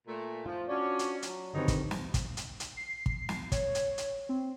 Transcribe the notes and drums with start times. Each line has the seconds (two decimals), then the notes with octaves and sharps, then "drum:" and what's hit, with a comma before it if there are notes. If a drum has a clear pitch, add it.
0.08 A#2 A3
0.46 F3 F4
0.68 C#4 D4 F#4 D5
0.99 drum: hi-hat
1.22 F#3, drum: hi-hat
1.54 G2 D3 D#3 C4 D#4 C#5
1.68 drum: kick, hi-hat
1.91 drum: snare
2.14 drum: kick, hi-hat
2.37 drum: hi-hat
2.60 drum: hi-hat
2.77 C7
3.06 drum: kick
3.29 drum: snare
3.52 C#5, drum: kick, hi-hat
3.75 drum: hi-hat
3.98 drum: hi-hat
4.29 C4